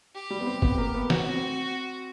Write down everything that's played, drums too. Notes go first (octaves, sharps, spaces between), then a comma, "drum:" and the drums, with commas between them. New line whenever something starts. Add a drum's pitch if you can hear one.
G4
G3
B3
C4
B3, drum: kick F#1
A#3
B3
C4 F#4, drum: snare
C4